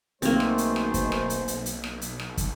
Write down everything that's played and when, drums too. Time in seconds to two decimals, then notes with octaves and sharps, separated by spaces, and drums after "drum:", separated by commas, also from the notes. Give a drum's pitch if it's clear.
0.22 B1 B2 D#3 A3 A#3 C4 G#4 C5, drum: hi-hat
0.40 drum: rim click
0.58 drum: hi-hat
0.76 drum: rim click
0.94 drum: kick, hi-hat
1.12 drum: rim click
1.30 drum: hi-hat
1.48 drum: hi-hat
1.66 drum: hi-hat
1.84 drum: rim click
2.02 drum: hi-hat
2.19 drum: rim click
2.37 drum: kick, hi-hat